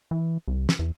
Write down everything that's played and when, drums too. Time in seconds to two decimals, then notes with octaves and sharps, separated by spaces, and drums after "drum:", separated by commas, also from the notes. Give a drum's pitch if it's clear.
0.11 E3
0.48 C2
0.69 drum: snare
0.79 E2